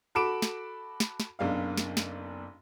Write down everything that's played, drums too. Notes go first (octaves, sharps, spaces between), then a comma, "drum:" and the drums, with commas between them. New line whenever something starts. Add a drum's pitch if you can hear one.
F#4 A4 B5 D6 D7 E7
drum: snare
drum: snare
drum: snare
F#1 B1 D4 F5
drum: snare
drum: snare